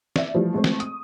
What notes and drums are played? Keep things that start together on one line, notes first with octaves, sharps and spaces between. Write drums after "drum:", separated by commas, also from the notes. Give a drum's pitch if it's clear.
D5 E5, drum: snare
E3 F3 G3 A3
G#3 A3 C4
drum: snare
D#6, drum: hi-hat